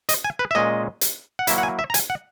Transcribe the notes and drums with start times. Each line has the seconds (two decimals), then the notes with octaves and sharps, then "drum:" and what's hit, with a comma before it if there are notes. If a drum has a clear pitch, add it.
0.09 D#5, drum: hi-hat
0.24 G#5
0.39 B4
0.51 E5
0.55 A#2 G#3 C#4 D#5
1.01 drum: hi-hat
1.39 F#5
1.47 F#3 A#3 E4 E5, drum: hi-hat
1.58 F#5
1.63 G#5
1.79 E5
1.90 A#5
1.94 G#5, drum: hi-hat
2.10 F#5